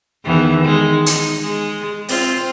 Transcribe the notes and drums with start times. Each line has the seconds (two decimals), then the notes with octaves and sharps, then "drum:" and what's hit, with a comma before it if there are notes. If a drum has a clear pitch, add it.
0.24 E2 D#3 E3
0.61 D#3 G#3
1.06 D#4, drum: hi-hat
1.41 G#3
2.09 C4 F4, drum: open hi-hat